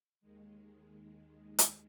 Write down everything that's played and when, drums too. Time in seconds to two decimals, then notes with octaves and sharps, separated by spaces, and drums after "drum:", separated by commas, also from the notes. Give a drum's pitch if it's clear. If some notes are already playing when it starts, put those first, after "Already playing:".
0.21 D#2 D#3 G#3
1.59 drum: hi-hat